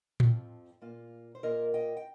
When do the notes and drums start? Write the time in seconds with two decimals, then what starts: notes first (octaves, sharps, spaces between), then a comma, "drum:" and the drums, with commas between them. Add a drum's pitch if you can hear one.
0.20 F2 F3 C4, drum: tom A2
0.82 A#2 A#3 F4
1.35 C5
1.43 A#2 A#3 F4 A#4 D#5
1.74 D#5 G5
1.97 G5